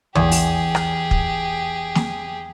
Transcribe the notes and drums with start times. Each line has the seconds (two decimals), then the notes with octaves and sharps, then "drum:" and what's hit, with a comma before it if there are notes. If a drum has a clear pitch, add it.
0.15 E2 G4 G#4, drum: tom
0.31 drum: open hi-hat
0.75 drum: rim click
1.11 drum: kick
1.95 drum: snare